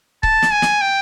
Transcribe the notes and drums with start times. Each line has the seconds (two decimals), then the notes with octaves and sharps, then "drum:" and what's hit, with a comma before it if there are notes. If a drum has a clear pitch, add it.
0.23 A5, drum: kick C#1
0.42 drum: snare
0.52 G#5
0.62 drum: snare
0.81 G5